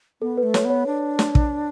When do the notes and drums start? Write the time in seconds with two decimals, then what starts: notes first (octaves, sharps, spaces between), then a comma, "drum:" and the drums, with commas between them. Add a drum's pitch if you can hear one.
0.21 B3 A4
0.37 B4
0.43 A3
0.54 C#5, drum: snare
0.65 B3 C#5
0.87 D4
1.19 drum: snare
1.35 drum: kick